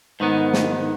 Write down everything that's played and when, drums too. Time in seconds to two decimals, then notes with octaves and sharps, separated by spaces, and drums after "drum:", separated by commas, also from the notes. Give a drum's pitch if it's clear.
0.20 G#2 D#3 B3
0.53 drum: snare